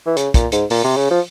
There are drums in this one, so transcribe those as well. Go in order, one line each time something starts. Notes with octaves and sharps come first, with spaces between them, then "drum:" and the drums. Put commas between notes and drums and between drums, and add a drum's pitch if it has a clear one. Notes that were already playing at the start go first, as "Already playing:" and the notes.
E3
C#3, drum: hi-hat
A#2, drum: kick, hi-hat
G#2, drum: hi-hat
A#2, drum: open hi-hat
C3
C#3
F3